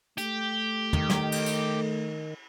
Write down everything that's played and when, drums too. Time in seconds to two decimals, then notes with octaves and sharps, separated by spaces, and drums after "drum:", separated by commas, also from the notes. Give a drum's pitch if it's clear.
0.18 A3 G4, drum: hi-hat
0.93 D#3, drum: tom
1.10 drum: snare
1.32 drum: cymbal
1.46 drum: tambourine